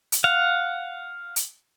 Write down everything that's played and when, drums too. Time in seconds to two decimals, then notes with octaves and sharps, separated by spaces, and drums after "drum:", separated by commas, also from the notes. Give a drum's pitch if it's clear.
0.12 drum: hi-hat
0.24 F5 F#5
1.36 drum: hi-hat